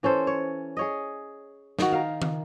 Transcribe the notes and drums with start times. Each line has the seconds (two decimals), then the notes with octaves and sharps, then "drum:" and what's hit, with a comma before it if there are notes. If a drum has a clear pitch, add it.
0.03 E3 C#4 A4 C5
0.27 C#5
0.77 G#4 C#5 D#5
1.79 D#3 F#4, drum: snare
1.92 A#4 F5
2.22 drum: tom D#3